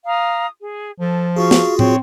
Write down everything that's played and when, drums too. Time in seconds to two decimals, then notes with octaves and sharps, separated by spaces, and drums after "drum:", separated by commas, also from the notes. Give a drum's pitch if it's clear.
0.06 F5 A#5 D#6
0.60 G#4
1.00 F3 A4
1.36 F4 F#4 G#4 F5 C#6
1.51 drum: snare
1.79 C4 C#5, drum: tom A2